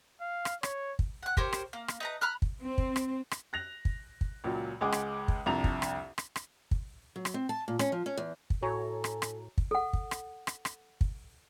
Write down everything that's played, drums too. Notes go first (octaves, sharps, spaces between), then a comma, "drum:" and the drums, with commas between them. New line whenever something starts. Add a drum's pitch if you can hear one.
F5
drum: rim click
C#5, drum: rim click
drum: kick
F#5 F#6
G4 A#4 C5 C#5, drum: kick
drum: rim click
A#3
drum: rim click
D#4 B4 A#5
A#5 B5 F6 F#6
drum: kick
C4
drum: kick
drum: rim click
drum: rim click
F#6 A#6 F7
drum: kick
drum: kick
C#2 A#2 F#3
C#2 G#3 G#4 F#5 D6
drum: rim click
drum: kick
C2 F2 D4 A#5 F7
drum: kick
drum: rim click
drum: rim click
drum: rim click
drum: kick
F#3
drum: rim click
C4
A5
A#2
C#4, drum: rim click
F3
C#4
E2
drum: kick
A2 F#4 A4 C#5 G#5 A#5
drum: rim click
drum: rim click
drum: kick
A4 F#5
drum: kick
drum: rim click
drum: rim click
drum: rim click
drum: kick